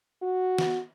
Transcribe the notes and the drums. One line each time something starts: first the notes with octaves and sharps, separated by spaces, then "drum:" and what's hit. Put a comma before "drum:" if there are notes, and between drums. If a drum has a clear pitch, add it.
F#4
drum: snare